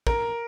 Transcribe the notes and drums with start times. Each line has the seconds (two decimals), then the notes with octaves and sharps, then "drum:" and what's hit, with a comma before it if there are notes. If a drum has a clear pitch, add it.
0.07 A#4, drum: kick